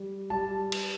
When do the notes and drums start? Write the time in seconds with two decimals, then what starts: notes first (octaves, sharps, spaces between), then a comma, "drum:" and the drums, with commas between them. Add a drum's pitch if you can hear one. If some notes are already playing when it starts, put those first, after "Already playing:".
Already playing: G3
0.30 G3 A5
0.72 drum: cymbal